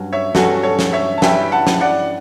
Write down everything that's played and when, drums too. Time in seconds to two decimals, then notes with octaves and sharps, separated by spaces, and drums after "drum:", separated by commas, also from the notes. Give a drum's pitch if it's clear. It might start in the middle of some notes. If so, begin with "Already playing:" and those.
Already playing: G2 F#3 C#4
0.13 C#5 E5
0.35 G2 F#3 C#4 F#4 A4, drum: snare
0.63 A4 C#5
0.79 drum: snare
0.93 C#5 E5
1.18 A5
1.22 G3 C#4 E4 B4 E5 G5, drum: snare
1.52 F#5 A5
1.67 drum: snare
1.81 D5 F#5